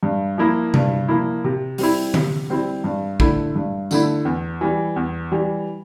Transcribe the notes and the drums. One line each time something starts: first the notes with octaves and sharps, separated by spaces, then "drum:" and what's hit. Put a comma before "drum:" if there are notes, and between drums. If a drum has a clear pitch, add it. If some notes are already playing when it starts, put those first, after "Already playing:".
G2
F3 A#3 E4
G2, drum: tom C3
F3 A#3 E4
C3
G3 C4 E4, drum: open hi-hat
C3, drum: tom D3
G3 C4 E4
G2
D3 A3 E4, drum: kick
G2
D3 A3 E4, drum: tambourine
E2
E3 G3
E2
E3 G3